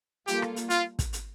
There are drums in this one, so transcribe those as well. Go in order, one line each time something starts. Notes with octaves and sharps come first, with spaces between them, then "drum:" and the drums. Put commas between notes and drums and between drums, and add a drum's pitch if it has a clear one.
G3 A#3 F4 G4 A4, drum: hi-hat
drum: rim click
drum: hi-hat
F4, drum: hi-hat
drum: kick, hi-hat
drum: hi-hat